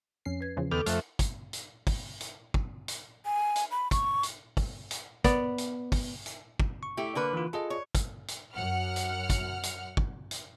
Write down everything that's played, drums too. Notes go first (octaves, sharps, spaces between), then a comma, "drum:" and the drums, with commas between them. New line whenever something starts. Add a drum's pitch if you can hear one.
F2 C#4 C7
B4 G#6
E2 C#3 F3
D#2 B3 A4 D6 F6 G6
F2 A3 C5 E5 F6 F#6, drum: hi-hat
drum: kick, hi-hat
drum: hi-hat
drum: kick, open hi-hat
drum: hi-hat
drum: kick
drum: hi-hat
G#5
drum: hi-hat
B5
C#6, drum: kick, hi-hat
drum: hi-hat
drum: kick, open hi-hat
drum: hi-hat
B3 D5, drum: kick, hi-hat
drum: hi-hat
drum: kick, open hi-hat
drum: hi-hat
drum: kick
C#6
A3 E4 G4
D3 A#3 B4
E3 F4
F4 G#4 A4 D#5
C#5
drum: kick, hi-hat
drum: hi-hat
F#2 F#5 F6
drum: hi-hat
drum: kick, hi-hat
drum: hi-hat
drum: kick
drum: hi-hat